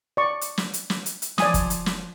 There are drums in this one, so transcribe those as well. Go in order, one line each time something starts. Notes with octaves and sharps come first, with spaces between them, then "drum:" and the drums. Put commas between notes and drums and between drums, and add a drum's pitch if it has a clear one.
D5 C#6
drum: hi-hat
drum: snare
drum: hi-hat
drum: snare
drum: hi-hat
drum: hi-hat
F3 D5 G#5 D#6, drum: snare
drum: kick, hi-hat
drum: hi-hat
drum: snare